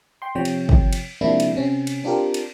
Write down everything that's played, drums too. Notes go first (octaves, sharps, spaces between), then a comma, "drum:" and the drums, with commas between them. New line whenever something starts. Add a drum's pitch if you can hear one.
G5 C6
C3 F3 C#5 G5
drum: cymbal
drum: kick
drum: cymbal
C3 F3 G#3 A#3 D4 E4
drum: cymbal
C3 C4 C#4
drum: cymbal
C4 D4 F4 G4 A#4
drum: cymbal